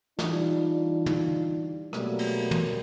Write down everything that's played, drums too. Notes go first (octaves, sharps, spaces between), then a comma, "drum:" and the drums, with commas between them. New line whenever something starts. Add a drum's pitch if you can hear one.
E3 G3 D4 D#4 F4, drum: snare
drum: tom
B2 F#3 G3 A3 A#3, drum: rim click
drum: cymbal
drum: tom